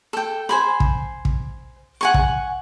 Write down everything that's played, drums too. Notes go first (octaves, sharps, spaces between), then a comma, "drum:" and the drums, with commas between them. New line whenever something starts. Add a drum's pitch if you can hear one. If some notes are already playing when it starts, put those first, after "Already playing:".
A4 G5
C5 G#5 B5
drum: kick
drum: kick
F#5 G#5 C#6
drum: kick